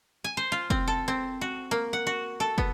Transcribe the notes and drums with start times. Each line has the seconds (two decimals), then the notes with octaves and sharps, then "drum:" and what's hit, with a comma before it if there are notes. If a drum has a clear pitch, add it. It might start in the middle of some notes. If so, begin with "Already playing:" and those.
0.24 G#5
0.37 C5
0.52 F4
0.70 C4, drum: kick
0.88 A4
1.08 C4
1.41 F#4
1.71 A#3
1.93 F#5
2.07 F#4
2.40 A4
2.58 B3, drum: kick